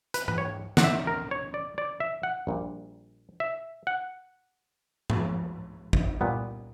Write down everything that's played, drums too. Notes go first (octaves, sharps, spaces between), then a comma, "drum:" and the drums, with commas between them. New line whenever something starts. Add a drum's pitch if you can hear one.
B4, drum: hi-hat
B4, drum: tom G#2
C#5
F#5, drum: snare
E5
A#4
C#5
D5
D5
E5
F#5
A#1 A#2 G3
E5
F#5
drum: tom G#2
drum: kick
A#2 G3 B3